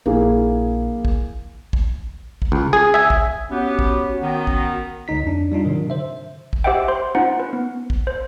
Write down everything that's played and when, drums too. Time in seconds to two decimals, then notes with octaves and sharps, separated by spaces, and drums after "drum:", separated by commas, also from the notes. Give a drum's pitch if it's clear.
0.06 A#1 A#3 E4 G#4
1.05 drum: kick
1.73 drum: kick
2.42 drum: kick
2.52 C#2
2.73 G#4
2.94 E5 G#5
3.10 drum: kick
3.51 B3 C#4 F#4 G4
3.79 drum: kick
4.21 D#3 B3
4.47 drum: kick
5.08 C#2 D3 D#4 B6
5.23 F2 D4
5.52 G3 D4 D#4 F4
5.64 G#2 C3 D#3 F#3
5.90 D3 C5 E5
6.53 drum: kick
6.64 G4 C5 D#5 E5 F#5 G5
6.88 C5 C6
7.15 C#4 D#4 F4 C5 F#5
7.39 B4
7.53 B3
7.90 drum: kick
8.07 C5